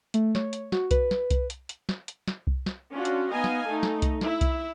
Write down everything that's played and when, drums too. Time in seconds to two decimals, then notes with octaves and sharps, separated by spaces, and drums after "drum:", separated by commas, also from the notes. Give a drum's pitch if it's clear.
0.14 A3, drum: hi-hat
0.35 C#5, drum: snare
0.53 drum: hi-hat
0.72 F#4, drum: snare
0.91 B4, drum: kick C2, hi-hat
1.11 drum: snare
1.30 drum: kick C2, hi-hat
1.50 drum: hi-hat
1.69 drum: hi-hat
1.89 drum: snare
2.08 drum: hi-hat
2.28 drum: snare
2.47 drum: kick C2
2.66 drum: snare
2.93 C#4 D4 F4 F#4
3.05 drum: hi-hat
3.33 B3 D#4 D#5 F5 G#5
3.44 drum: snare
3.69 A3 D#4 A4
3.83 drum: snare
4.02 drum: kick C2, hi-hat
4.21 E4 E5, drum: snare
4.41 drum: kick C2, hi-hat